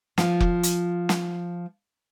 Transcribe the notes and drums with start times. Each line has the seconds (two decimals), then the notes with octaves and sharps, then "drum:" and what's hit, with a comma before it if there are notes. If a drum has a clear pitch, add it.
0.18 F3 F4, drum: snare
0.40 drum: kick F1
0.63 drum: hi-hat
1.09 drum: snare